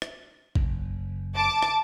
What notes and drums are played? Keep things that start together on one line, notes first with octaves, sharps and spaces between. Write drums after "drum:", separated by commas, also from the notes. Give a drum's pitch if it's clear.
drum: rim click
F#1, drum: kick A1
A5 D6
drum: rim click